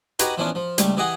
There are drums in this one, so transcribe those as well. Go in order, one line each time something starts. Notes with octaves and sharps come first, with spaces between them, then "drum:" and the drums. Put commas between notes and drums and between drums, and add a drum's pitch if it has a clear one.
D#4 F#4 G4 B4 G#5 A#5, drum: hi-hat
E3 F3 B3 C#4 D4
F3
C#2 G3 A3, drum: hi-hat
E3 G4 G#4 D#5 F#5 G#5